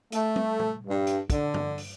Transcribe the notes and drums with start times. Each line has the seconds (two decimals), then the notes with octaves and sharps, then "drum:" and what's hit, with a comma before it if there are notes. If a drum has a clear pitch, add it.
0.12 A3, drum: hi-hat
0.36 drum: tom G3
0.59 drum: tom
0.87 G2
1.07 drum: hi-hat
1.30 D3, drum: kick, hi-hat
1.54 drum: tom G2
1.78 drum: open hi-hat